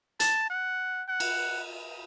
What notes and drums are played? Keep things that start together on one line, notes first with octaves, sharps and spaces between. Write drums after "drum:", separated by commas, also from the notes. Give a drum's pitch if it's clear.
A5, drum: hi-hat
F#5
F#5
drum: cymbal